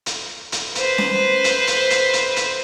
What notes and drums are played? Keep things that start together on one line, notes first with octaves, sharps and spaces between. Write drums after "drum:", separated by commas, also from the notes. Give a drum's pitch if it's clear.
drum: hi-hat
drum: hi-hat
B4 C5, drum: hi-hat
drum: snare C#4
drum: hi-hat
drum: hi-hat
drum: hi-hat
drum: hi-hat
drum: hi-hat